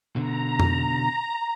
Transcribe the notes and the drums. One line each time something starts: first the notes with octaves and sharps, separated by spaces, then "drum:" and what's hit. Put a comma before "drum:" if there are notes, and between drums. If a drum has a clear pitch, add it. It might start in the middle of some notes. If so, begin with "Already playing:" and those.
B2 D3 A#5
drum: tom F2